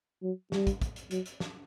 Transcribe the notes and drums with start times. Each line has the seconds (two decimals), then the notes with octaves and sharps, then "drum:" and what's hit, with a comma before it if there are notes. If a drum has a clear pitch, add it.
0.23 F#3
0.52 G3, drum: snare
0.67 drum: kick, hi-hat
0.82 drum: kick, hi-hat
0.96 drum: hi-hat
1.11 F#3, drum: hi-hat
1.26 drum: hi-hat
1.40 drum: snare